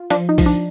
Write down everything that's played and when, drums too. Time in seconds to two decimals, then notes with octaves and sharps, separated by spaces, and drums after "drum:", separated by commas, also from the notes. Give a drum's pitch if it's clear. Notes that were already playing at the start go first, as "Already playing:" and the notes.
Already playing: F4
0.10 F3 D4, drum: hi-hat
0.29 D#4
0.38 F3, drum: kick, open hi-hat
0.46 D4